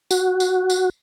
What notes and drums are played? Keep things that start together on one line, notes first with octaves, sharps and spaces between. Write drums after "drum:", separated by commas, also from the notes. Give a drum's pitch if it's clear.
F#4, drum: tambourine
drum: tambourine
drum: tambourine